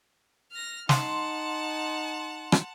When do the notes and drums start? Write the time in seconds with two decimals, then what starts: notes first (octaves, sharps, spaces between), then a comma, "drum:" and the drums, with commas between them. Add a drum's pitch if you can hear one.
0.52 F6 A#6
0.89 D#4 F#5 A5 C6, drum: snare
2.52 drum: rim click